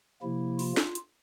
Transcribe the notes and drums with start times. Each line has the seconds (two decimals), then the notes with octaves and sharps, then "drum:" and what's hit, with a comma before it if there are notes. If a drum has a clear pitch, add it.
0.22 C3 F3 A#3 E4
0.59 F4, drum: open hi-hat
0.77 drum: snare
0.95 drum: hi-hat